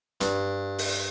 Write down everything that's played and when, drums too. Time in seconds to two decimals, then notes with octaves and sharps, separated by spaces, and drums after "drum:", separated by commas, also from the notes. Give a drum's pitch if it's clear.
0.21 G2, drum: hi-hat
0.78 drum: open hi-hat